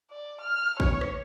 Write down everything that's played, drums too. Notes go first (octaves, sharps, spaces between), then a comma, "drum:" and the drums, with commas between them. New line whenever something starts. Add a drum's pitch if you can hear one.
D5
F6
C#5, drum: kick
drum: rim click